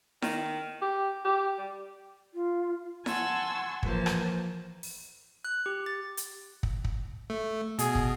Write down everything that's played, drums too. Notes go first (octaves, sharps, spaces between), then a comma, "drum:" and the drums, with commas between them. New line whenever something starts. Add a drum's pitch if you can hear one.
D#3, drum: snare E4
G4
G4
G3
F4
F#5 G#5 A5 C6 C#6 E6, drum: snare E4
E3 F3 A#3 C5 A5, drum: kick
drum: rim click
drum: open hi-hat
F#6
G4
A6
drum: hi-hat
drum: kick
drum: kick
A3
B2 G#4, drum: hi-hat
drum: kick